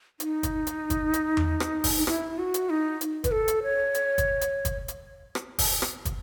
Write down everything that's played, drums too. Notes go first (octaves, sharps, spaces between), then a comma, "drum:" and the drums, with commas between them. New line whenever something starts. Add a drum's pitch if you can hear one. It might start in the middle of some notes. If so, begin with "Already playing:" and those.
D#4, drum: hi-hat
drum: kick, hi-hat
drum: hi-hat
drum: kick, hi-hat
drum: hi-hat
drum: tom E2
drum: rim click
drum: kick, open hi-hat
D#4
E4, drum: rim click
F#4
drum: hi-hat
D#4
drum: hi-hat
B4, drum: kick, hi-hat
A4
drum: hi-hat
C#5
drum: hi-hat
drum: kick, hi-hat
drum: hi-hat
drum: kick, hi-hat
drum: hi-hat
drum: rim click
drum: kick, open hi-hat
drum: rim click
drum: kick, hi-hat